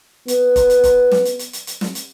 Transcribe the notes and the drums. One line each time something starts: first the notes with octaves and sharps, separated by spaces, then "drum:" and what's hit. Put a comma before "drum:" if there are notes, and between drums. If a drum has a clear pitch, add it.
B3, drum: hi-hat
drum: kick, hi-hat
drum: hi-hat
drum: kick, hi-hat
drum: snare
drum: hi-hat
drum: hi-hat
drum: hi-hat
drum: hi-hat
drum: snare
drum: hi-hat